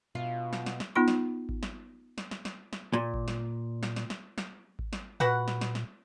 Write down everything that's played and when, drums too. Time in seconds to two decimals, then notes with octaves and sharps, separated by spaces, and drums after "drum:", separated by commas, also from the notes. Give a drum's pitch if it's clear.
0.15 B2 F4
0.53 drum: snare
0.66 drum: snare
0.80 drum: snare
0.95 B3 D#4 F4 B5
1.08 drum: snare
1.49 drum: kick G#1
1.63 drum: snare
2.18 drum: snare
2.31 drum: snare
2.45 drum: snare
2.73 drum: snare
2.93 A#2
3.14 drum: kick G#1
3.28 drum: snare
3.83 drum: snare
3.96 drum: snare
4.10 drum: snare
4.38 drum: snare
4.79 drum: kick G#1
4.93 drum: snare
5.20 A#2 F#4 B4 F#5
5.48 drum: snare
5.61 drum: snare
5.75 drum: snare